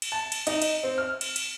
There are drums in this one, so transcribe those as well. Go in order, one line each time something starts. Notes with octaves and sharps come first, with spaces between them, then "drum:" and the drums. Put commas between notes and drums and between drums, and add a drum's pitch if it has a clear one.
drum: cymbal
A5
drum: cymbal
D#4, drum: cymbal
drum: cymbal
C4
F6
drum: cymbal
drum: cymbal